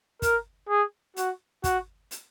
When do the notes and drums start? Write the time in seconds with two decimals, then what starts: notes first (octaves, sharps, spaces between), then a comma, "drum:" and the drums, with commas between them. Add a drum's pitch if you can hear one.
0.22 A#4, drum: kick, hi-hat
0.69 G#4
1.17 F#4, drum: hi-hat
1.64 F#4, drum: kick, hi-hat
2.11 drum: hi-hat